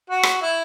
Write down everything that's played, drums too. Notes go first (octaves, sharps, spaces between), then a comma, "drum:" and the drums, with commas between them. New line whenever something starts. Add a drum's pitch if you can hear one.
F#4
drum: rim click
E4